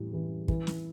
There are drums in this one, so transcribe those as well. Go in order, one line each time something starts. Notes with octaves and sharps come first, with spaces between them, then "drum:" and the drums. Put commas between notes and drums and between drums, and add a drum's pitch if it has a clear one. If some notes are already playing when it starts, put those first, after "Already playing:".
Already playing: A2 E3 G3
E3 G3
E3, drum: kick
drum: snare